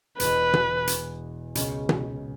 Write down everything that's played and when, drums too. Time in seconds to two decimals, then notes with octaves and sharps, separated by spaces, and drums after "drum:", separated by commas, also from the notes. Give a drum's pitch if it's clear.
0.20 E1 E2 B2 B4, drum: hi-hat
0.54 drum: tom B2
0.87 drum: hi-hat
1.55 C#2 B2 G#3 C#4, drum: hi-hat
1.89 drum: tom B2